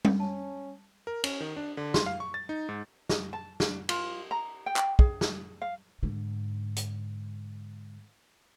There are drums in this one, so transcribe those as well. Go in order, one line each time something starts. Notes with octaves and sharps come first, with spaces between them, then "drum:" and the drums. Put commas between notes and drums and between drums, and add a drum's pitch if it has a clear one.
drum: tom G3
C#4 A5
A#4
C#4, drum: cymbal
D#3
D4
D3
C6, drum: snare
F5
C#6
A6
D#4
G#2
D#5, drum: snare
A5
D4, drum: snare
F4, drum: cymbal
A#5
G5
drum: clap
G#4, drum: kick
drum: snare
F5
G#2 D3
drum: hi-hat